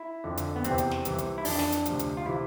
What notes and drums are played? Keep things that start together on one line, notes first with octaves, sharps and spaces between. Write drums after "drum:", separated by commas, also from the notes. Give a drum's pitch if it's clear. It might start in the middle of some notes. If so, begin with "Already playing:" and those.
Already playing: E4
F2 D3 F3
drum: hi-hat
B3
E2 C3 E3 C4, drum: hi-hat
drum: hi-hat
drum: snare
C2 C3 E3, drum: hi-hat
drum: hi-hat
E4
F2 E3 D4, drum: open hi-hat
drum: snare
drum: hi-hat
D2 C3 F3, drum: hi-hat
drum: hi-hat
F4
C3 E3 E4